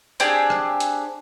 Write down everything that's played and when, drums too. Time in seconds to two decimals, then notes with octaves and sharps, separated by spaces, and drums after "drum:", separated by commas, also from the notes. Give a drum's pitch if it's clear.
0.20 C4 D4 G4 G#4, drum: hi-hat
0.50 drum: rim click
0.80 drum: hi-hat